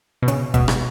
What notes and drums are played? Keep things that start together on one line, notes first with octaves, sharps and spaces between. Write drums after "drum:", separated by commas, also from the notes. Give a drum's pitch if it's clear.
B2
C#3, drum: hi-hat
B2, drum: kick F#1, hi-hat
drum: rim click